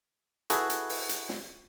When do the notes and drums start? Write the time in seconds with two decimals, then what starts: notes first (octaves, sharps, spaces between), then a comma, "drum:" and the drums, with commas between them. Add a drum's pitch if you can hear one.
0.50 E4 F#4 G#4 A4 B4, drum: hi-hat
0.70 drum: hi-hat
0.89 drum: open hi-hat
1.09 drum: hi-hat
1.29 drum: snare